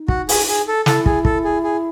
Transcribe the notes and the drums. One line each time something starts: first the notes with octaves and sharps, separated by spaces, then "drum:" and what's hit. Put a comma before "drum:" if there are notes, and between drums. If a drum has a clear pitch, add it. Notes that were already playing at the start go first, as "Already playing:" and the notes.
Already playing: D#4
F#4, drum: kick
G#4, drum: open hi-hat
G#4
A4
E4 A4, drum: snare
G#4, drum: kick
A4, drum: kick
G#4
G#4